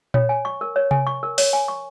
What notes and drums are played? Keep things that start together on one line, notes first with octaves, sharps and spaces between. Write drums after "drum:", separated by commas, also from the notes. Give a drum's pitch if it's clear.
C#5, drum: tom A#2
G#5
C#6
A#4
C#5
G#5, drum: tom C3
C#6
A#4
C#5, drum: open hi-hat
G#5
C#6